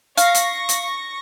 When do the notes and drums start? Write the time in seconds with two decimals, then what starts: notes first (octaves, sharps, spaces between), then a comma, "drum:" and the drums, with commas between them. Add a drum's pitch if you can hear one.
0.17 F5 C#6 A#6, drum: hi-hat
0.35 drum: hi-hat
0.69 drum: hi-hat